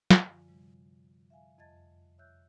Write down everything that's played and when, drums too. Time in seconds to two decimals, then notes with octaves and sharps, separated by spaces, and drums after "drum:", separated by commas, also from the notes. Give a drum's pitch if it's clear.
0.10 drum: snare
0.24 F#2 D3 F3 F4 G#5
0.48 C3 G3
1.30 E5 F5 G#5
1.58 F2 D#5 A5 G#6 A6
2.18 C#5 E5 E6 F#6 G6